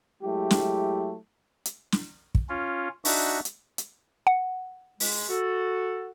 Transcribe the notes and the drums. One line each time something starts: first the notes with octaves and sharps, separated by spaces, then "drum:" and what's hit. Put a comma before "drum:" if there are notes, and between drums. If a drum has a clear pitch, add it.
F#3 G#3 A3 E4 G4
drum: snare
drum: hi-hat
drum: snare
drum: kick
C#4 F4
D4 D#4 F#4 E5, drum: open hi-hat
drum: hi-hat
drum: hi-hat
F#5
G#3, drum: open hi-hat
F#4 A4